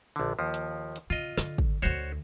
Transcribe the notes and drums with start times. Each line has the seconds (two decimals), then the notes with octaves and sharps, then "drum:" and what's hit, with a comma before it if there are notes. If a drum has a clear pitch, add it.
0.16 A#1 D3
0.39 D#2 F3
0.54 drum: hi-hat
0.96 drum: hi-hat
1.10 C#3 F4 D#5
1.38 D3, drum: snare
1.58 drum: kick
1.82 D2 D3 F#4 C5 C#5